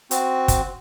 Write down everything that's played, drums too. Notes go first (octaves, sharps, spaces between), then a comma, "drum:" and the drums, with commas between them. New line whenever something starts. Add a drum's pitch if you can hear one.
C4 F#4, drum: hi-hat
drum: kick, hi-hat